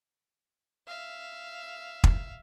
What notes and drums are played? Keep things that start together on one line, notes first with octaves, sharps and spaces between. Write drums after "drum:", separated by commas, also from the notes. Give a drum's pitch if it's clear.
E5 F5
drum: kick